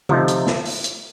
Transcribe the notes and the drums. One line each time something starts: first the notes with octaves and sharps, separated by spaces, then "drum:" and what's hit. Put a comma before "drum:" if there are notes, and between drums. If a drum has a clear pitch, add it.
C3 F3 A3 D#4, drum: tom C#3
drum: hi-hat
drum: snare
drum: open hi-hat
drum: hi-hat